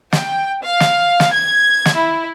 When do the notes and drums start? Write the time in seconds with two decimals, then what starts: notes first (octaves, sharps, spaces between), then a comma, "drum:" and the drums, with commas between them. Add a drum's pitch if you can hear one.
0.12 G5, drum: snare
0.62 F5
0.80 drum: snare
1.20 drum: snare
1.33 G#6
1.85 drum: snare
1.95 E4